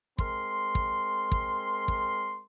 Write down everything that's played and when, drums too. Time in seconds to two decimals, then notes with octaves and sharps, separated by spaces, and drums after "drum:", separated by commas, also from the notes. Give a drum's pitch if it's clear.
0.18 G#3 C4 A#4 C6, drum: kick
0.75 drum: kick
1.32 drum: kick
1.88 drum: kick